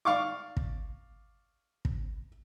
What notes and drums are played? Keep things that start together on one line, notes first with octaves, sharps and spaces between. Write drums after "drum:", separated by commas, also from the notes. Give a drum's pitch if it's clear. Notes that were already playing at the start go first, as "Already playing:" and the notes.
D5 F5 C#6 D6
drum: kick
drum: kick